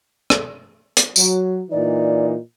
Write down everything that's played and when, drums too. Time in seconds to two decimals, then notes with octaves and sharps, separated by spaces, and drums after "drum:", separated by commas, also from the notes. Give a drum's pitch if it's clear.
0.30 drum: rim click
0.97 drum: hi-hat
1.16 F#3, drum: tambourine
1.71 A#2 E3 D#4 D5